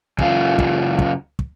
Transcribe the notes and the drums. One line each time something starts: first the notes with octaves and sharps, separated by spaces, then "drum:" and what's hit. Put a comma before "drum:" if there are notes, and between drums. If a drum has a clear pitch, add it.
F#2 C#3 F4, drum: kick
drum: kick
drum: kick
drum: kick